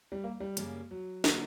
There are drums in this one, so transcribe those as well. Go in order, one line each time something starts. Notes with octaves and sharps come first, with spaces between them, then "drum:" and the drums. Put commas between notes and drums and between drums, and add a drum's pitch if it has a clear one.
G3
A#3
G3
F#2 C#3 G3 A#3 C#4, drum: hi-hat
F#3
D3 F#3 A#3 D4 F#4, drum: snare